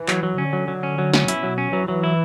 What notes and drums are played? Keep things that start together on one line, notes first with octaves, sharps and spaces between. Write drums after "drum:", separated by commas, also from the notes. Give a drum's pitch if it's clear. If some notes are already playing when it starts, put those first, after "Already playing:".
Already playing: E3
F#3, drum: clap
F#3
D3 C#4
F#3
F#3
C#4
F#3
C#4, drum: snare
B2 E4, drum: hi-hat
F#3
C#4
E3 F#3
F#3
E4